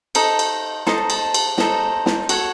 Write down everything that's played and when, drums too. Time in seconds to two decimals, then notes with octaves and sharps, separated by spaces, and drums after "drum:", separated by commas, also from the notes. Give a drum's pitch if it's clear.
0.15 D#4 A4 C5 D#5, drum: cymbal
0.39 drum: cymbal
0.87 D#4 A4 C5 D#5 A5, drum: snare
0.98 A#5
1.10 A5, drum: cymbal
1.34 drum: cymbal
1.58 D#4 A4 C5 D#5, drum: snare
2.06 drum: snare
2.29 F#4 A4 C#5 F#5, drum: cymbal